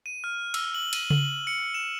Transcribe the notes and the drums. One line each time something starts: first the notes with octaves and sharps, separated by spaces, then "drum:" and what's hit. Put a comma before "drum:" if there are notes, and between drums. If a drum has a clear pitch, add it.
D#7
F6
E6, drum: cymbal
F#7
D#7, drum: cymbal
F#7, drum: tom C#3
C#7
E7